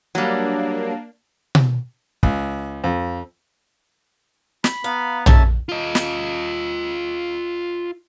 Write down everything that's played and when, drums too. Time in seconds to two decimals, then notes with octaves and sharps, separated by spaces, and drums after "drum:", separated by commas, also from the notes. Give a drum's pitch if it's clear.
0.15 F#3 G3 A#3 D4
1.55 drum: tom B2
2.23 C#2, drum: kick
2.84 F2
4.64 B5, drum: snare
4.84 B3 F5 A#5
5.26 G#2 A3 C#4 E5 A5, drum: tom A#1
5.69 F4 D#5
5.95 drum: snare